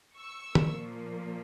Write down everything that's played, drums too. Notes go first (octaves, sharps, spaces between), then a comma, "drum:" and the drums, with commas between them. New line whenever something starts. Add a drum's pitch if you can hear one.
C#6 E6
A#2 F3 A#3, drum: tom